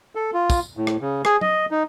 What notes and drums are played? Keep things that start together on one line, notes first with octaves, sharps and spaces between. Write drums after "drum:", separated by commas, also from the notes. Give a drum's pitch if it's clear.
A4
F4
drum: kick, tambourine
A2
drum: rim click
C#3
G#4, drum: rim click
D#5, drum: tom F#3
D#4